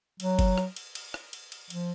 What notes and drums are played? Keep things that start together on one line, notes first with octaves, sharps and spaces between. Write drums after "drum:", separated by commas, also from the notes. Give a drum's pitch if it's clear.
F#3, drum: cymbal
drum: kick F#1, cymbal
drum: rim click
drum: cymbal
drum: cymbal
drum: rim click
drum: cymbal
drum: cymbal
F3, drum: cymbal